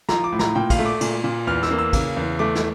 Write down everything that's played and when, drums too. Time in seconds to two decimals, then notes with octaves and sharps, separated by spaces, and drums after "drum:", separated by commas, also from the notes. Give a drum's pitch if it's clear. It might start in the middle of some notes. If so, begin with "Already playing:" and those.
0.09 F3 A#5, drum: snare
0.24 D6
0.32 A2
0.39 A#5, drum: snare
0.55 A#2 G5
0.70 F5, drum: kick, cymbal
0.79 A3
0.85 D6
1.01 A#2, drum: cymbal
1.24 A#2
1.47 E2 F6
1.63 E6, drum: snare
1.71 A#3
1.79 E6
1.93 C#3, drum: kick, cymbal
2.16 E2
2.39 A3 D6
2.55 drum: snare